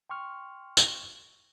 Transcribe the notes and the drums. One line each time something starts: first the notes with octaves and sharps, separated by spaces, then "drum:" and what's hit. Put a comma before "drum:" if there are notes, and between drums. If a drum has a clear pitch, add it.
G5 C6 C#6 F6
drum: tambourine